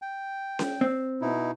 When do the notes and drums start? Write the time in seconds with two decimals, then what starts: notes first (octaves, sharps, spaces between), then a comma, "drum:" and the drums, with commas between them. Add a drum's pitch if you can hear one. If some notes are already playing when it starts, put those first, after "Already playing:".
0.02 G5
0.59 drum: snare C#4
0.81 C4
1.22 B2 D#4 E4